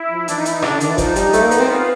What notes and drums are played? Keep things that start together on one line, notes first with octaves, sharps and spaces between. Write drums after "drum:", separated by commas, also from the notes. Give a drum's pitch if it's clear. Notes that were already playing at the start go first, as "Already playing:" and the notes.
Already playing: E4
F3
E3 D4, drum: hi-hat
D#4
E4, drum: hi-hat
D#4
C#3 D4, drum: rim click
D3
D#3 D4, drum: hi-hat
E3
F3 D#4, drum: kick F#1, hi-hat
G3, drum: hi-hat
A3, drum: hi-hat
A#3
B3, drum: hi-hat
C4
B3 F4